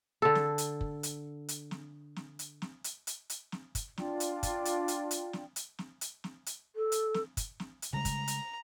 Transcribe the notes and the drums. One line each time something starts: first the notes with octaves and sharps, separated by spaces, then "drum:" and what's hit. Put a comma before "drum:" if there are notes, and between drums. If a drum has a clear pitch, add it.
D3 A4
drum: snare
drum: hi-hat
drum: kick
drum: hi-hat
drum: hi-hat
drum: snare
drum: snare
drum: hi-hat
drum: snare
drum: hi-hat
drum: hi-hat
drum: hi-hat
drum: snare
drum: kick, hi-hat
D4 F4 D5 G5, drum: snare
drum: hi-hat
drum: kick, hi-hat
drum: hi-hat
drum: hi-hat
drum: hi-hat
drum: snare
drum: hi-hat
drum: snare
drum: hi-hat
drum: snare
drum: hi-hat
A4
drum: hi-hat
drum: snare
drum: kick, hi-hat
drum: snare
drum: hi-hat
C#3 G3 G#3 A#5
drum: kick, hi-hat
drum: hi-hat